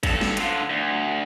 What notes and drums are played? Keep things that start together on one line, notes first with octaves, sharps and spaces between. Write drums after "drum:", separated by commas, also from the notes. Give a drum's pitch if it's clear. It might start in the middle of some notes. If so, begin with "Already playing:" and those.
G2 A4, drum: kick, hi-hat
drum: snare
D3 F4, drum: hi-hat
D2